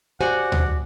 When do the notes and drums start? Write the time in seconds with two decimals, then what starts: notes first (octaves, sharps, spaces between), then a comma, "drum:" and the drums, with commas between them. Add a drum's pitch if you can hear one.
0.21 F#4 G4 C5 D5 F#5 G#5
0.52 drum: tom D2